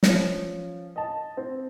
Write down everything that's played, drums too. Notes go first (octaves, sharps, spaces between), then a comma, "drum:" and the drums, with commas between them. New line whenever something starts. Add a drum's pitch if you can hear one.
F3 C#4, drum: snare
D#5 A5
C4